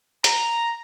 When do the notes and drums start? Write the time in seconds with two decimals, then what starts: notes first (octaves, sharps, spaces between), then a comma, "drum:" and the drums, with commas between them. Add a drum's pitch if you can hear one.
0.24 A#5, drum: hi-hat